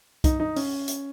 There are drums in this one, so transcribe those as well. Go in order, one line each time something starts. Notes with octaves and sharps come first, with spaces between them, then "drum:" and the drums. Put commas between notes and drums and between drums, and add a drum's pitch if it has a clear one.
D#4, drum: kick, hi-hat
D#4
C#4, drum: open hi-hat
drum: hi-hat